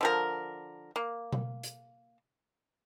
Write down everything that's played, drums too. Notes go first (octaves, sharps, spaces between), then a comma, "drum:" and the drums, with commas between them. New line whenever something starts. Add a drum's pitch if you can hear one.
D3 F3 A#4
A#3
drum: tom B2
drum: hi-hat